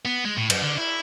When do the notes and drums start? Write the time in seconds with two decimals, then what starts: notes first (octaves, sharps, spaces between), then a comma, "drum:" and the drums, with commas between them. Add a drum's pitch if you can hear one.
0.05 B3
0.25 G#3
0.37 A2
0.50 F#2, drum: cymbal
0.63 D3
0.78 E4